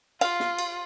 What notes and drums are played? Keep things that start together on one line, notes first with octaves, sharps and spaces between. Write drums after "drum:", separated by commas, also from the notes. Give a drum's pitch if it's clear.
F4 F5, drum: cymbal
drum: snare
drum: cymbal